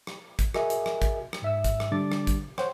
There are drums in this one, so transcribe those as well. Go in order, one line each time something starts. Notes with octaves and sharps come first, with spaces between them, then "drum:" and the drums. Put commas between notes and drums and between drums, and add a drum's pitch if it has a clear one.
drum: rim click
drum: kick, hi-hat
F#4 G#4 A#4 D#5 E5 G#5, drum: rim click
drum: hi-hat
drum: rim click
drum: kick, hi-hat
drum: rim click
G#2 E5 E6
drum: kick, hi-hat
drum: rim click
D3 G3 D4 D6 A6
drum: rim click
drum: kick, hi-hat
C5 C#5 F#5 G5 C6, drum: rim click